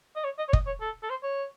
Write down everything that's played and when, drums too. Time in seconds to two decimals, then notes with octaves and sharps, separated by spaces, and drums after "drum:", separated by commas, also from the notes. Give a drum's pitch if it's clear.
0.15 D#5
0.24 C#5
0.38 D#5
0.48 C#5
0.53 D#5, drum: kick
0.67 C#5
0.81 A4
1.03 A4
1.10 C5
1.23 C#5